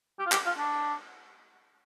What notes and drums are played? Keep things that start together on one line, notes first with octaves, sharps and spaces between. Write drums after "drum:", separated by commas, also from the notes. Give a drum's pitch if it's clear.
G4
F4
G4, drum: clap
F4
D4